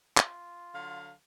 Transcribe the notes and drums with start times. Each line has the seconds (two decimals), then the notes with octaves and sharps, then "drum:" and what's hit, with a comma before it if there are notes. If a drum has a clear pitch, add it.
0.17 F4, drum: clap
0.74 D3 F#3 F5